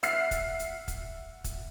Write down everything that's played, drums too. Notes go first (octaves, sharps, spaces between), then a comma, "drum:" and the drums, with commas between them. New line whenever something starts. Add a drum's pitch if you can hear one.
E5 F#5 E6 F6 C7, drum: hi-hat
drum: kick, hi-hat
drum: hi-hat
drum: kick, hi-hat
drum: kick, hi-hat